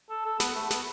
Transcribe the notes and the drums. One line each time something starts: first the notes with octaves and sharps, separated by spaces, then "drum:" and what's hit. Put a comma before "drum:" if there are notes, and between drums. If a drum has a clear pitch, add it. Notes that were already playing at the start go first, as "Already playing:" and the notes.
A4
A4
B3, drum: snare
A3
B3, drum: snare